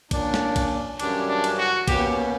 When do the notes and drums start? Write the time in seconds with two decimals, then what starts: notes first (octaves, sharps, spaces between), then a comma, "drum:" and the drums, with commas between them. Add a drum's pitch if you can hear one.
0.11 A#2 A#3 C#4 D4, drum: kick, cymbal
0.34 drum: snare
0.56 drum: kick, cymbal
1.00 F#2 C#3 E3 G3 C#4 D4, drum: cymbal
1.29 D4
1.44 drum: cymbal
1.58 F#4
1.88 B2 A#3 C#4 G4, drum: kick, cymbal